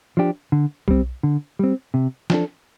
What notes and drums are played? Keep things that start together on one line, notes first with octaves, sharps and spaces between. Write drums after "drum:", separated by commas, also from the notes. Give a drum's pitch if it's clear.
F3 D4 G4
D3
G3 C4, drum: kick B1
D3
G3 C4
C3
F3 D4 A4, drum: snare